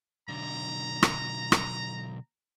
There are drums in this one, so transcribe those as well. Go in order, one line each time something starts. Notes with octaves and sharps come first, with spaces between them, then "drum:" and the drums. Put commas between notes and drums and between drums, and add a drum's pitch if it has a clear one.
B1 D3 A#5
drum: rim click
drum: rim click